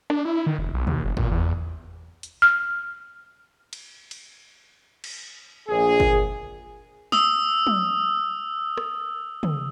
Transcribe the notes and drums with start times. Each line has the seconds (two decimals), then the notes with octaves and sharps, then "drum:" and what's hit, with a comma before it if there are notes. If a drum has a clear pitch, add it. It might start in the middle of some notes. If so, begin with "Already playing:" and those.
0.10 D4, drum: rim click
0.25 E4
0.46 D#3
0.58 F1
0.74 B1
0.87 D#2, drum: tom
1.04 F#1
1.17 A#2, drum: kick
1.31 E2
2.23 drum: hi-hat
2.42 F6
3.73 drum: cymbal
4.11 drum: cymbal
5.04 drum: cymbal
5.69 A#1 G#4
6.00 drum: kick
7.12 D#6 E6, drum: snare
7.67 drum: tom
8.77 drum: rim click
9.43 drum: tom